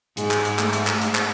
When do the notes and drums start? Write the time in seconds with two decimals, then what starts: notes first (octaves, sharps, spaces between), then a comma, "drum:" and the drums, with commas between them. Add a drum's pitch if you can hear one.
0.17 G#2 G#3, drum: hi-hat
0.31 drum: clap
0.45 drum: hi-hat
0.59 A3, drum: clap
0.73 drum: hi-hat
0.87 drum: clap
1.01 G#2, drum: hi-hat
1.15 drum: clap